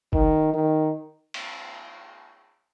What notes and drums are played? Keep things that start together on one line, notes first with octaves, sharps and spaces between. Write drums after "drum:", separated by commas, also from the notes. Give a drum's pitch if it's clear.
D#3, drum: kick
D#3
drum: cymbal